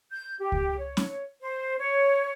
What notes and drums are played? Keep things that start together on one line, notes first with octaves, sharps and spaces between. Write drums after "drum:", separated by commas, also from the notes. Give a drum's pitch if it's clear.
G6
G4
drum: kick C#2
C#5
drum: snare C#4
C5
C#5